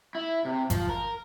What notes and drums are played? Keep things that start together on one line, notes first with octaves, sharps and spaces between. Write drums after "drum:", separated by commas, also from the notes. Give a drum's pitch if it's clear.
E4
C3
F3, drum: kick G#1, hi-hat
A#4